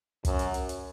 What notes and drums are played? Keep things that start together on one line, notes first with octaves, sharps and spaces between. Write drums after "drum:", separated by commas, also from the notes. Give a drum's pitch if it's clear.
F#2, drum: kick, hi-hat
drum: hi-hat
drum: hi-hat
drum: hi-hat